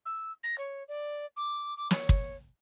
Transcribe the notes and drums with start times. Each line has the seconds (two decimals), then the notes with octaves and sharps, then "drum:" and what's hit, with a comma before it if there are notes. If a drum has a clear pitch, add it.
0.05 E6
0.43 A#6
0.58 C#5
0.88 D5
1.36 D6
1.77 D6
1.91 C#5, drum: snare
2.09 drum: kick